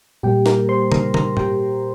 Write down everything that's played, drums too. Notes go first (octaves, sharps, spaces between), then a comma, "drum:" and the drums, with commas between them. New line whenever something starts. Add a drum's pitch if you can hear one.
A#2 G3 A#3 G4 G5
A#4 A#5, drum: snare
C5 C6
A#4 A#5, drum: tom
A#4 A#5, drum: tom
G4 G5, drum: tom G#2